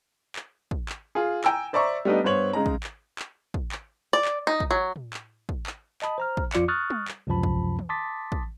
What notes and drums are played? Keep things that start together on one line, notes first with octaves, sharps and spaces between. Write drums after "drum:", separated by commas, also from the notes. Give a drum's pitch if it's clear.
drum: clap
drum: kick
drum: clap
F4 G#4
G5 G#5 A#5 E6, drum: clap
C5 D5 E5 A#5 C#6
G3 A3 B3 D4 D#4
G2 B3 C5 C#5 F#7
C#3 G#3 D#4 A#5
drum: kick
drum: clap
drum: clap
drum: kick
drum: clap
D5
drum: clap
D#4
drum: kick
F#3
drum: tom
drum: clap
drum: kick
drum: clap
D#5 A5 B5 D#6, drum: clap
C5 A#5 F6
drum: kick
F2 F3 F4 D5 D6 C#7, drum: clap
C#6 D#6 F6 F#6 A6
drum: tom
drum: clap
C#2 F#2 C3 F3 A5 B5
drum: kick
drum: tom D#3
A5 C6 D6 D#6 A6 B6
drum: kick